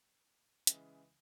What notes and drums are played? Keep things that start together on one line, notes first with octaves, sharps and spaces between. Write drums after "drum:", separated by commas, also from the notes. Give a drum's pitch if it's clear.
C#3 E3 G#3, drum: hi-hat